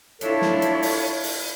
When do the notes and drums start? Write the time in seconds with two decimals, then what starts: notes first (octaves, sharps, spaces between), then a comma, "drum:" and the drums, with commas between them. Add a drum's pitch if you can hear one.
0.21 D4 E4 F4 A4 C#5, drum: hi-hat
0.41 drum: snare
0.62 drum: hi-hat
0.82 drum: open hi-hat
1.23 drum: open hi-hat